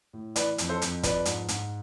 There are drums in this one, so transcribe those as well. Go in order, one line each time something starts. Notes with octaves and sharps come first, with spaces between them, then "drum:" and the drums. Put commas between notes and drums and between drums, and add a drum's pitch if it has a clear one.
A2
E3 B4 D5, drum: hi-hat
F2, drum: hi-hat
A4 C5
F2, drum: hi-hat
F3 B4 D5, drum: kick, hi-hat
G#2, drum: hi-hat
G#2, drum: hi-hat